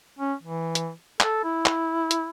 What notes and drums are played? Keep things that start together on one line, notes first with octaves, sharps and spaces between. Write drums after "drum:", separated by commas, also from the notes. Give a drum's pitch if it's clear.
C#4
E3
drum: hi-hat
A4, drum: clap
E4
drum: clap
drum: hi-hat